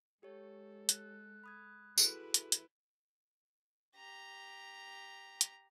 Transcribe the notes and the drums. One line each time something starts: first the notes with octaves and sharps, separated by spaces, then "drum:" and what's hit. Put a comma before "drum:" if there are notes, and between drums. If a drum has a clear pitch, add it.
G#3 G4 A4 C#5
F#6, drum: hi-hat
B5 D#6 G#6
E4 F#4 G#4 A4 B4, drum: tambourine
drum: hi-hat
drum: hi-hat
G4 A#5
drum: hi-hat